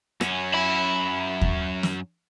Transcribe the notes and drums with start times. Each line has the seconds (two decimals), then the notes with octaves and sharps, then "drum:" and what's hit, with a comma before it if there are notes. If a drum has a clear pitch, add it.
0.21 F#2 C#4, drum: rim click
0.54 E5 B5
1.41 drum: kick D#2
1.83 drum: snare